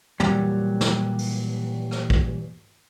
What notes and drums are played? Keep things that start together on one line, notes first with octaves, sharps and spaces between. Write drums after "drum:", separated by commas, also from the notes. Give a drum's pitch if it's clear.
A#2 E3 F#3 G3, drum: tom
drum: snare
drum: open hi-hat
drum: rim click
drum: kick